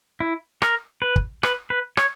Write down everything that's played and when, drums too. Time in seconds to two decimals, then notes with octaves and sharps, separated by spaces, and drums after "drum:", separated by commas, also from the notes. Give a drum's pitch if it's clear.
0.20 E4
0.62 A#4, drum: rim click
1.02 B4
1.16 drum: kick
1.43 B4, drum: rim click
1.70 B4
1.97 C#5, drum: rim click